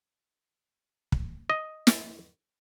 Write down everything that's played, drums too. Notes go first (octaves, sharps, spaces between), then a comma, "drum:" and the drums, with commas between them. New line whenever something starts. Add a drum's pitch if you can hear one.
drum: kick
D#5
drum: snare